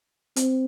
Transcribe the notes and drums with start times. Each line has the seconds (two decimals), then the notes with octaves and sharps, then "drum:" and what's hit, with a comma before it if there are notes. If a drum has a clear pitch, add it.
0.36 C4, drum: hi-hat